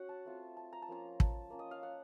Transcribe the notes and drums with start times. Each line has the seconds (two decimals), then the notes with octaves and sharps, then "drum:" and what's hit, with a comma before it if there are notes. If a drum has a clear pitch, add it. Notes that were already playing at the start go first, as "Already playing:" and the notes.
Already playing: C#4 F#4 C#5 F#5
0.09 A5
0.25 A3 C4 F4
0.57 A5
0.73 A#5
0.82 A5
0.88 F3 A#3 C#4 F4 A#5
1.20 A5, drum: kick
1.50 A#3 C#4 F4
1.59 D#5
1.71 F5
1.83 F#5